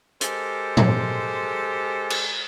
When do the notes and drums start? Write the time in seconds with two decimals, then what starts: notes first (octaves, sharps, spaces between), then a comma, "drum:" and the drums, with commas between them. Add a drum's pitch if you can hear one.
0.21 G#3 G4 A4 A#4 C5, drum: hi-hat
0.77 drum: tom
2.10 drum: cymbal